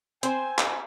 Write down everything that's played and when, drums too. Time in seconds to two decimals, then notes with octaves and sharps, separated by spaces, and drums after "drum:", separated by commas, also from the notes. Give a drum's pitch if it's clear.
0.23 C4 C5 G#5, drum: hi-hat
0.59 drum: clap